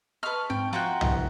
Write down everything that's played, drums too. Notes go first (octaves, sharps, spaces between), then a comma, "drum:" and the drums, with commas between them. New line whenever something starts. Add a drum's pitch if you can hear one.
B4 D#5 A5 C#6 F6
G#2 C4 G5
F3 F4 F#4 G5 A#5 F#6
E1 C2 F2, drum: tom